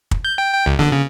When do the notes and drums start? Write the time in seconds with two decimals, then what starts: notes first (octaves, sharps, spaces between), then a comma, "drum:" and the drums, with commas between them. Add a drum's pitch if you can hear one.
0.11 drum: kick
0.25 G6
0.38 G5
0.54 G5
0.66 C#2
0.79 D3, drum: snare
0.92 C#3